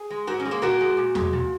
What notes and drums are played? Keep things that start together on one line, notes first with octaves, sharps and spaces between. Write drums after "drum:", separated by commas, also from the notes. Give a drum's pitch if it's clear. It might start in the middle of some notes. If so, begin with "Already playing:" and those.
Already playing: G#4
G#3
G#2 F#4 A#4
C#4
G#3
A#3
A#2 F#4 A#4
G#3
A#2
G#3, drum: tom E2
A#2